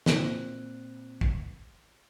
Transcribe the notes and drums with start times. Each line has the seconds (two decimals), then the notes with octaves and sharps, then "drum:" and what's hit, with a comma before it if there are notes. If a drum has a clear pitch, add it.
0.06 A#2 C4 F#6, drum: snare
1.21 drum: kick